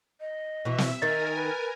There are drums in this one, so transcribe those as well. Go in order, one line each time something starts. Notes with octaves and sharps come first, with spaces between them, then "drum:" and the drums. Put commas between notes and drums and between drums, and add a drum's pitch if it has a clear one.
D#5
B2 E3 E5
drum: snare
D#3 D#4 A#4 D#5 G#5 A6
B4